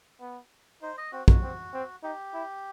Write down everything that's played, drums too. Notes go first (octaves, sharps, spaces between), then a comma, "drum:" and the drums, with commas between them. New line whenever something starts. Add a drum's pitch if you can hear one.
B3
D#4 C5
D#5
C4 F#4
F#4, drum: kick
C4
C4
D#4 G4
E4